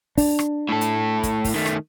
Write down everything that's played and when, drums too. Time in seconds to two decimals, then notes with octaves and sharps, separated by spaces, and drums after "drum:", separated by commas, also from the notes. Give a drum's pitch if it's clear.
0.18 D4, drum: kick, open hi-hat
0.39 drum: rim click
0.69 A2 A4
0.81 drum: hi-hat
1.23 drum: kick, hi-hat
1.45 drum: kick, open hi-hat
1.54 D#3 A3
1.66 drum: rim click